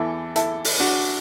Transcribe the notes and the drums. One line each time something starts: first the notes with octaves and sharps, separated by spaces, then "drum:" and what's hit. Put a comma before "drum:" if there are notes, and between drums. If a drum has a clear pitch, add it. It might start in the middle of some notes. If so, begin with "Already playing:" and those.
Already playing: E2 E3 E4 A4
E4 A4, drum: hi-hat
drum: open hi-hat
D4 F#4